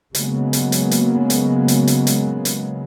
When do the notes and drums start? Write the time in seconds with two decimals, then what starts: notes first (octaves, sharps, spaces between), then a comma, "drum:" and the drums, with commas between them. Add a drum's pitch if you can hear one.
0.15 C#3 F#3 G#3 A#3 B3, drum: hi-hat
0.53 drum: hi-hat
0.72 drum: hi-hat
0.91 drum: hi-hat
1.30 drum: hi-hat
1.68 drum: hi-hat
1.87 drum: hi-hat
2.07 drum: hi-hat
2.45 drum: hi-hat